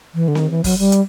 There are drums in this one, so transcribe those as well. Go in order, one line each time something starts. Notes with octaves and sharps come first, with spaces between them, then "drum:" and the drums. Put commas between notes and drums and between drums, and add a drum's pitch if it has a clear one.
E3
D3
D#3, drum: snare C4
E3
F#3, drum: kick, open hi-hat
G3
drum: hi-hat